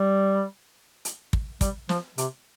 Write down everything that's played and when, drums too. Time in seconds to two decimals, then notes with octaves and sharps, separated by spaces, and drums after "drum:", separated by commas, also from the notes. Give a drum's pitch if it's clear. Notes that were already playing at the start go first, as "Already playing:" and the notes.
Already playing: G3
1.05 drum: hi-hat
1.33 drum: kick
1.61 G3, drum: kick, hi-hat
1.89 F3, drum: snare
2.18 C3, drum: hi-hat